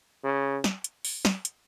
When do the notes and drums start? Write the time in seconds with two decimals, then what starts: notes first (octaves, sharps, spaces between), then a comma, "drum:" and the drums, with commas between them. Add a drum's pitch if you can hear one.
0.24 C#3
0.64 drum: snare
0.84 drum: hi-hat
1.05 drum: open hi-hat
1.25 drum: snare
1.45 drum: hi-hat